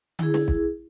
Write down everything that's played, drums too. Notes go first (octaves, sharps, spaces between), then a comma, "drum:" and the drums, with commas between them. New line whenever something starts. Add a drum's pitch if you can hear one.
E4 G#4, drum: tom D3
drum: snare
drum: kick B1